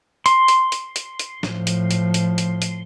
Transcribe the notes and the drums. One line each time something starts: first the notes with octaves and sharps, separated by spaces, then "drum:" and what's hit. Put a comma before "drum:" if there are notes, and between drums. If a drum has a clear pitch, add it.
C6, drum: hi-hat
drum: hi-hat
drum: hi-hat
drum: hi-hat
drum: hi-hat
A2 F3, drum: snare
drum: hi-hat
drum: hi-hat
drum: hi-hat
drum: hi-hat
drum: hi-hat